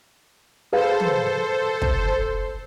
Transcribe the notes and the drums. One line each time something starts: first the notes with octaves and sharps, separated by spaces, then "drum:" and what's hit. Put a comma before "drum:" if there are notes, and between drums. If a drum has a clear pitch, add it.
G#4 A4 B4 C5 F5
drum: tom
drum: kick